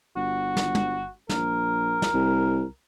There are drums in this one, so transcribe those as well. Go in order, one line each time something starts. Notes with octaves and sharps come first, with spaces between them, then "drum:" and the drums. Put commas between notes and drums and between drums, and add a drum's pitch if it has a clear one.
G1 F#4
drum: snare
drum: tom
A#1 A#4, drum: snare
drum: snare
C2